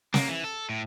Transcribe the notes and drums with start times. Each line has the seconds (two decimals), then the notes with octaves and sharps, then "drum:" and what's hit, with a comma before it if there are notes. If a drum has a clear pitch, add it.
0.14 A#3, drum: snare
0.28 E3
0.44 A4
0.70 A2